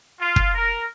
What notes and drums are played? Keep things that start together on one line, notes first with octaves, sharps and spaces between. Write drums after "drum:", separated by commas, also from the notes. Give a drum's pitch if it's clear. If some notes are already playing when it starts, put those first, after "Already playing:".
F4
drum: kick
A#4